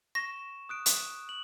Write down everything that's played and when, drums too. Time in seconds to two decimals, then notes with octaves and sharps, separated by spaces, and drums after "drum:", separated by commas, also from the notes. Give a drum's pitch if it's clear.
0.15 C#6 A#6 E7
0.69 D#6 F#6 D7
0.86 drum: hi-hat
1.29 F#7